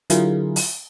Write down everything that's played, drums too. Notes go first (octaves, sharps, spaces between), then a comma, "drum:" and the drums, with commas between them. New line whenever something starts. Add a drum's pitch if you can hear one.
D3 F#3 E4 F4 G#4 A#4, drum: hi-hat
drum: open hi-hat